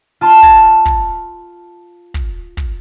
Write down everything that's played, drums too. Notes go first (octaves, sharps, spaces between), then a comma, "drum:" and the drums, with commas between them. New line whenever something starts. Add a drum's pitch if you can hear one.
F4 A5 C6
drum: kick
drum: kick
drum: kick
drum: kick